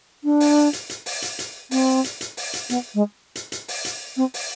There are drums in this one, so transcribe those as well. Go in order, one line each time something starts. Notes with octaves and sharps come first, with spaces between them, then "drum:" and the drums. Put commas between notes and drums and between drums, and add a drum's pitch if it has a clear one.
D4
drum: open hi-hat
drum: hi-hat
drum: hi-hat
drum: open hi-hat
drum: hi-hat
drum: hi-hat
C4, drum: open hi-hat
drum: hi-hat
drum: hi-hat
drum: open hi-hat
drum: hi-hat
B3, drum: hi-hat
G#3
drum: hi-hat
drum: hi-hat
drum: open hi-hat
drum: hi-hat
C4
drum: open hi-hat